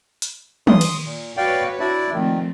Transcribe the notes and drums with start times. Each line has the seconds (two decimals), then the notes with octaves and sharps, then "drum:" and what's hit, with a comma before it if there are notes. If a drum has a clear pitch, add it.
0.22 drum: hi-hat
0.67 C6 D#6, drum: tom
0.81 drum: cymbal
1.05 A#2
1.37 F#4 B4 C#5 D5 F5 G5
1.80 D4 E4 F#4 D5
2.13 A#2 D#3 F3 A3 C4